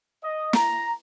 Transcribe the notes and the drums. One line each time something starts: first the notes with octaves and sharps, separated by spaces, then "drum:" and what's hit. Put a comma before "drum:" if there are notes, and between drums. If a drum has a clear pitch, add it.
D#5
A#5, drum: snare